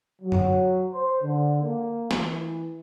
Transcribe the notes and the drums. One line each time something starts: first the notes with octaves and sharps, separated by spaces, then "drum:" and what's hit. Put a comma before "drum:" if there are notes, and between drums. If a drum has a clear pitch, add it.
F#3
drum: tom F#2
C5
D3
A#3
E3, drum: snare